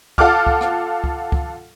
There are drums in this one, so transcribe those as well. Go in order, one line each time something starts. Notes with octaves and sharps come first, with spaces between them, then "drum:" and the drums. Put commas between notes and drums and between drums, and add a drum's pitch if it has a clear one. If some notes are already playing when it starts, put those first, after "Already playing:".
F4 A4 F#5 D6 F6, drum: kick C#2
drum: kick C#2
drum: rim click
drum: kick C#2
drum: kick C#2